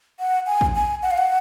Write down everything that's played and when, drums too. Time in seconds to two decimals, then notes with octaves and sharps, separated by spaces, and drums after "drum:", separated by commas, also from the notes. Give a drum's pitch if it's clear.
0.20 F#5
0.47 G#5
0.61 drum: kick
0.75 G#5
1.02 F#5
1.11 F5
1.18 F#5